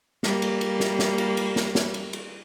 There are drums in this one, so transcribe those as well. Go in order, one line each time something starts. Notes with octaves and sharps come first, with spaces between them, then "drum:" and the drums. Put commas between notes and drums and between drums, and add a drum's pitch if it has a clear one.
G3 A#3, drum: snare
drum: cymbal
drum: cymbal
drum: snare
drum: snare
drum: cymbal
drum: cymbal
drum: snare
drum: snare
drum: cymbal
drum: cymbal